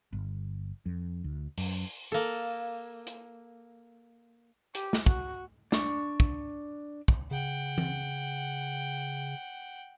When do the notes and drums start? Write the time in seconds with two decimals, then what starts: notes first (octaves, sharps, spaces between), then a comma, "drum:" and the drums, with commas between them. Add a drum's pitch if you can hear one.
0.13 G1
0.86 F2
1.24 D2
1.58 F#2, drum: open hi-hat
2.12 A#3 A4
3.07 drum: hi-hat
4.75 G4, drum: hi-hat
4.93 drum: snare
5.06 F#4, drum: kick
5.72 D4 C#6, drum: snare
6.20 drum: kick
7.08 drum: kick
7.31 C#3 F#5 G5
7.78 drum: tom E3